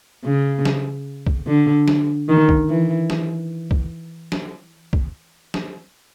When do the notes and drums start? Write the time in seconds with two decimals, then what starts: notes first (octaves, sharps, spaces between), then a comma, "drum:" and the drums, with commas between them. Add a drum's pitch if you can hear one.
0.25 C#3
0.65 drum: snare
1.27 drum: kick
1.47 D3
1.88 drum: snare
2.29 D#3
2.49 drum: kick
2.69 E3
3.10 drum: snare
3.71 drum: kick
4.32 drum: snare
4.93 drum: kick
5.54 drum: snare